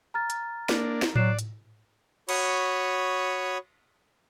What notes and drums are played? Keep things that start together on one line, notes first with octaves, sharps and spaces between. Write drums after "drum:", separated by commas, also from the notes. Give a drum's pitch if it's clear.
A#5 F6 A6
drum: hi-hat
A#3 D4, drum: snare
drum: snare
F#3 D5 F#6 C7 E7, drum: tom A2
drum: hi-hat
F#4 C#5 B5 C#6 D#6, drum: cymbal